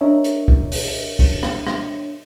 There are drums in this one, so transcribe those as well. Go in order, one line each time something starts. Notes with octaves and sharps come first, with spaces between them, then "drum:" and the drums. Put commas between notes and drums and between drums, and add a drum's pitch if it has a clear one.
D4 A#4 C#5 D#5 E5
drum: hi-hat
drum: kick
drum: open hi-hat
drum: kick, open hi-hat
drum: rim click
drum: rim click